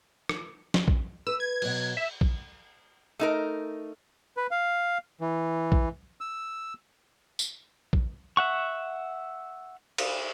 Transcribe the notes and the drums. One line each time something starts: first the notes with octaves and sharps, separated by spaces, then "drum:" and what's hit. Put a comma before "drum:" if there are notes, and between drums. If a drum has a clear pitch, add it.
drum: rim click
drum: snare
drum: kick
B4 E6
G#6
B2 F#3, drum: cymbal
E5
drum: kick
A3 D#4 A#4
B4
F5
E3
drum: kick
E6
drum: tambourine
drum: kick
E5 F#5 C#6
drum: cymbal